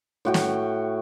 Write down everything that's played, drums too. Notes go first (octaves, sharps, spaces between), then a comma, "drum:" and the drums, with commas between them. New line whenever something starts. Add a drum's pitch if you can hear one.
A2 F#4 G5
drum: snare